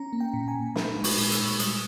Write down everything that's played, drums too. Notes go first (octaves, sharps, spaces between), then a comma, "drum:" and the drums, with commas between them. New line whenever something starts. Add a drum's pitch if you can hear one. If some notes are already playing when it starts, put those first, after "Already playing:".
Already playing: C#4 A#5
A#3
G5
A#2
G#5
A#2
D#4 B5, drum: snare
G#3
C#6, drum: open hi-hat
A#2
E6, drum: hi-hat
A#2
G3 D#6, drum: hi-hat